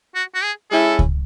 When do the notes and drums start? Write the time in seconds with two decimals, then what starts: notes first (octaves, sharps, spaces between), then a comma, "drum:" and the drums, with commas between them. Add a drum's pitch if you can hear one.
0.15 F#4
0.34 F#4
0.43 G#4
0.71 G#3 C#4 E4 A4
0.99 drum: kick C#2